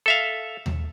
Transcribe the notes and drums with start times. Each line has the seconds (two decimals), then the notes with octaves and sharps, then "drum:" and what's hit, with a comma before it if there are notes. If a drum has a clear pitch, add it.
0.06 A4 E5 F5
0.66 drum: tom D#2